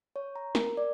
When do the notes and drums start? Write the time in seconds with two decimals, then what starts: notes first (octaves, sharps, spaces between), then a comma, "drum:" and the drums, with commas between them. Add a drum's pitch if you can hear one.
0.16 C#5
0.36 A#5
0.55 A#4, drum: snare
0.77 D5